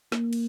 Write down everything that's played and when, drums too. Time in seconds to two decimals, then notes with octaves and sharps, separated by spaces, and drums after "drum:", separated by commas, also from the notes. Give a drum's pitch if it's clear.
0.12 A#3, drum: snare
0.33 drum: cymbal